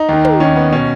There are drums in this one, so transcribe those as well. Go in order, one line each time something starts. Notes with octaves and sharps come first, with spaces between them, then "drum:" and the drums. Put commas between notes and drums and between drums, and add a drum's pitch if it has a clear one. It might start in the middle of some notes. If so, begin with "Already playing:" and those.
Already playing: D#4
D#2 D#3
drum: tom
D#2 D#3 C#4
B3
B2 C#4